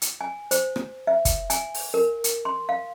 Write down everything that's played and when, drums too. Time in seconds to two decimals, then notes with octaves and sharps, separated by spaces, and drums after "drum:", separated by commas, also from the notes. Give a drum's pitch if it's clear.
0.02 drum: hi-hat
0.21 G#5
0.51 C5, drum: hi-hat
0.76 drum: rim click
1.07 E5
1.25 drum: kick, hi-hat
1.50 G#5, drum: hi-hat
1.75 drum: open hi-hat
1.94 A#4
2.24 drum: hi-hat
2.45 C6
2.69 F5